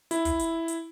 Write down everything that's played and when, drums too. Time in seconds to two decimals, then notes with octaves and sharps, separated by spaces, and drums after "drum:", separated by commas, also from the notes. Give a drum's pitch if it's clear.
0.11 E4, drum: hi-hat
0.25 drum: kick, hi-hat
0.39 drum: hi-hat
0.68 drum: hi-hat